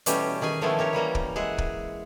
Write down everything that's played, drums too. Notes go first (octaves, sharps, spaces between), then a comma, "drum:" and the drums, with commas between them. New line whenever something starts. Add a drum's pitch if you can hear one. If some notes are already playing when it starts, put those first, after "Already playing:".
B2 E3 G3 A3 C#4 G4, drum: hi-hat
D#3 C#4 G#4 G#5
D#3 F3 G#3 A3 B3 E4
G4 A#4 C#5
E3 G3 A#3 A#5
drum: kick
G#3 G#4 E5 F#5
drum: kick